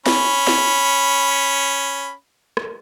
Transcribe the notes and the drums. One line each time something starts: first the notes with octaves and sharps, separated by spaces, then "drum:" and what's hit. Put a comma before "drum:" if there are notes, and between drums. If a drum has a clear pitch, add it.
C#4 B5, drum: snare
drum: snare
drum: rim click